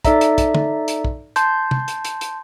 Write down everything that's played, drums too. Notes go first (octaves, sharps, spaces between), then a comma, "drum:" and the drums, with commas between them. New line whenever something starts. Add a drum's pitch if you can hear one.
D#4 A4 D5 E5 A#5, drum: kick, hi-hat
drum: hi-hat
drum: kick, hi-hat
drum: tom
drum: hi-hat
drum: kick
A5 C6 G6, drum: hi-hat
drum: tom
drum: hi-hat
drum: hi-hat
drum: hi-hat